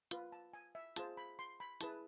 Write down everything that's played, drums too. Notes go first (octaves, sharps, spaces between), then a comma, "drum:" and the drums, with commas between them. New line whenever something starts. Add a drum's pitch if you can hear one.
F4 B4, drum: hi-hat
A5
G#5
E5
F4 G#4 C5 A5, drum: hi-hat
B5
C6
B5
E4 G#4 B4 A5, drum: hi-hat